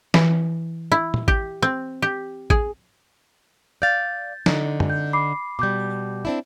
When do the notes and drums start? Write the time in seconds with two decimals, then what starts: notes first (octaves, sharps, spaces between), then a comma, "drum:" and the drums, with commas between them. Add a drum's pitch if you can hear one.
0.14 E3, drum: snare
0.92 E4
1.14 drum: tom
1.28 G4, drum: kick A1
1.62 C4
2.02 G4
2.50 G#4, drum: kick A1
3.82 D5 F5 G6 A6
4.46 D3 D#4, drum: snare
4.80 drum: tom
4.90 G6
5.13 B5 D6 C7
5.59 B2 G3 D6 G6
6.25 C4 D4 E4